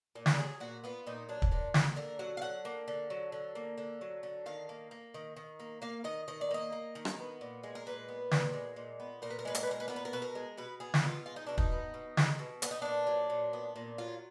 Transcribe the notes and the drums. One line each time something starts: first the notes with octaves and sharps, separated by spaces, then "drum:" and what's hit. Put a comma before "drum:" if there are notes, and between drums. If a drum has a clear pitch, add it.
A#2
drum: snare
F#3 G#4
A#2 F#4
B3 F4
A#2 D#4
F#3 D4
drum: kick
A#2 D4
A#3 F#4, drum: snare
D3 A#4
F#3 F#5
F5
D3 F#5
A#3
D3
F#3
D3
A#3
D3
F#3
D3
D#3 F5
A#3
A#3
D#3
D#3
A#3
A#3 F5
D#3 D#5
D#3 D#5
D5
A#3 D#5
A#3
D#3
drum: rim click
B3
A#2
G#3
A#4
A#2 B4
B3
A#2, drum: snare
G#3
A#2
B3
A#2 A#4
B4
A#4
G#3 B4
A#4, drum: hi-hat
B4
A#2 A#4
B4
B3 A#4
B4
A#4
B2 B4
A#4
G#3
B2 B4
B3 G#4
drum: snare
B2 F4
G#3 F4
D#4
B2 D4
D#4, drum: kick
B3
B2
G#3, drum: snare
B2
B3 D4, drum: hi-hat
D#4
A#2 D4
F#3
A#2
B3
A#2
F#3 F4